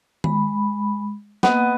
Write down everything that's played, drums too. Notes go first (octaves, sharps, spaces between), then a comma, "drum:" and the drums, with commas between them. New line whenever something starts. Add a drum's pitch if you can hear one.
G#3 B5, drum: tom D#3
A#3 B3 D#5, drum: snare